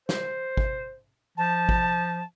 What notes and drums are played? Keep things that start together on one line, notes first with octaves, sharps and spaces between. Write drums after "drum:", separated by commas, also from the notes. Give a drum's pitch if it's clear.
C5, drum: snare
drum: kick G#1
F3 A5
drum: kick G#1